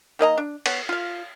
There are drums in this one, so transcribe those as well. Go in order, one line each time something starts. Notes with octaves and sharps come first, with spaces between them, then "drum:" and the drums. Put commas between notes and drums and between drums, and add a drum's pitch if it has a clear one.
D#3 A#3 D#5 A#5
D4
B3 C#5, drum: cymbal
F4 F5